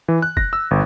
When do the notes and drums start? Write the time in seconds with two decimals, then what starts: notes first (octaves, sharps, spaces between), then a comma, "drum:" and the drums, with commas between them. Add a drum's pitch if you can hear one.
0.08 E3
0.22 F#6
0.37 A#6, drum: kick
0.53 E6
0.71 G1